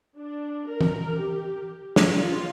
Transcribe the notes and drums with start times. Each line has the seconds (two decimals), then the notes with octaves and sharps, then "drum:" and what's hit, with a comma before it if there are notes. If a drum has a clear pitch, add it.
0.17 D4
0.68 A#4
0.81 drum: tom E3
1.17 G4
1.96 drum: snare
2.17 F4